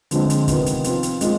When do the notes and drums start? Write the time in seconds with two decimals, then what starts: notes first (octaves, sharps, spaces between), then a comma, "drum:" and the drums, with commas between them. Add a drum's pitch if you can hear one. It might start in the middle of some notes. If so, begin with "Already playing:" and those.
0.11 D3 F3 G#3 C4, drum: hi-hat
0.30 drum: hi-hat
0.48 C3 D#3 B3 F4, drum: kick, hi-hat
0.66 drum: hi-hat
0.84 F3 C4 F4, drum: hi-hat
1.03 drum: hi-hat
1.21 D#3 G#3 C4 F4, drum: hi-hat